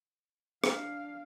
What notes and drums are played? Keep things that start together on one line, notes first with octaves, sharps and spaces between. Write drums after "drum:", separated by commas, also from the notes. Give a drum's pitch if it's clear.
D4 F5, drum: rim click